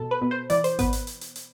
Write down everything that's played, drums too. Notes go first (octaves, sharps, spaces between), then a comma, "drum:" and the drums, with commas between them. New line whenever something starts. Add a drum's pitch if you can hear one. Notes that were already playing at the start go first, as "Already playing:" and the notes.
Already playing: B2 A4
B4
B2
C5
E3 D5, drum: hi-hat
C5, drum: hi-hat
B3 B4, drum: kick G#1, hi-hat
drum: hi-hat
drum: hi-hat
drum: hi-hat
drum: hi-hat